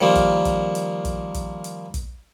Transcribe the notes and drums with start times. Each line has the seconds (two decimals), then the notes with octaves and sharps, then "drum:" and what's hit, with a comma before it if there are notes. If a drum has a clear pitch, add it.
0.01 D#3 F3 G3 A#3
0.15 drum: kick, hi-hat
0.45 drum: kick, hi-hat
0.75 drum: hi-hat
1.05 drum: kick, hi-hat
1.34 drum: kick, hi-hat
1.64 drum: hi-hat
1.94 drum: kick, hi-hat